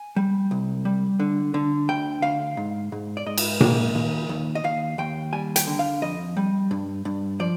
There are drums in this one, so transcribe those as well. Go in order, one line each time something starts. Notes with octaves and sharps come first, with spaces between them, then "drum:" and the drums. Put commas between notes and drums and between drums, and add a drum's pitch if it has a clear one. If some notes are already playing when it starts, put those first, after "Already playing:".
Already playing: G#5
G3
C2
G3
D3
D3
D2 G5
D2 F5
G#2
G#2
D5
G#2 D#5
drum: cymbal
A#3, drum: tom A#2
D#2
D#2
D#5
D#2 F5
D#2 G5
G3 G#5
G5, drum: hi-hat
D3
F5
F2 D#5
G3
G2
G2
F3 D5